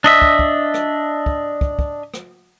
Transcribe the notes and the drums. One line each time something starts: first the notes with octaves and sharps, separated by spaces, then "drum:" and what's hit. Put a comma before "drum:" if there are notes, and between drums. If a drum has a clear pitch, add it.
D4 D#5 E5
drum: kick
drum: kick
drum: rim click
drum: kick
drum: kick
drum: kick
drum: rim click